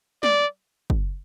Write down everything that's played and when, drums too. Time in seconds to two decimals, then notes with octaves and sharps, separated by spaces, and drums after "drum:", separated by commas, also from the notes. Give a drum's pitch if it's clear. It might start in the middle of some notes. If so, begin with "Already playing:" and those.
0.23 D5, drum: snare
0.90 drum: kick